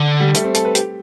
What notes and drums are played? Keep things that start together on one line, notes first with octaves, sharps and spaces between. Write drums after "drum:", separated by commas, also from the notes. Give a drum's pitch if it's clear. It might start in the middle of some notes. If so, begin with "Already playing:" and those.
Already playing: D3
G3
A3, drum: hi-hat
C4
A4, drum: hi-hat
B4
G4, drum: hi-hat